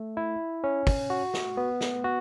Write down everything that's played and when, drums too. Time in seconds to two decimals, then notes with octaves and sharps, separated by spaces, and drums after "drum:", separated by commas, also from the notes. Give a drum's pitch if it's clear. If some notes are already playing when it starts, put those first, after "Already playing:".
Already playing: A3
0.17 E4
0.64 C#4
0.87 drum: kick, open hi-hat
1.10 F#4
1.34 drum: snare
1.57 B3
1.81 drum: snare
2.04 F#4